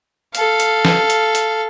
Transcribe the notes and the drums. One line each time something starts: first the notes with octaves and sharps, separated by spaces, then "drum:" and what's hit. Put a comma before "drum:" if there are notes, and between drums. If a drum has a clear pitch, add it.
A4 F5, drum: hi-hat
drum: hi-hat
drum: snare
drum: hi-hat
drum: hi-hat